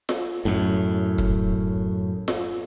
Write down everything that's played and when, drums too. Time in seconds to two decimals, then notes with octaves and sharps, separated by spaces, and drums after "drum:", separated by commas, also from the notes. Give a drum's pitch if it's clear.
0.09 drum: snare F4
0.45 F#2 A2
1.18 drum: kick
2.28 drum: snare F4